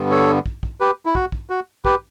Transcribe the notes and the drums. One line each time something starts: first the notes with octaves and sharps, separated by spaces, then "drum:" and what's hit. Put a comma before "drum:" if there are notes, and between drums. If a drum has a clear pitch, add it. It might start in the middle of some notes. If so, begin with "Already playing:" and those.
Already playing: G2 D3 G3 B3
A4 C#5
drum: kick
drum: kick
G4 B4
E4
F#4, drum: kick
drum: kick
F#4
G4 B4, drum: kick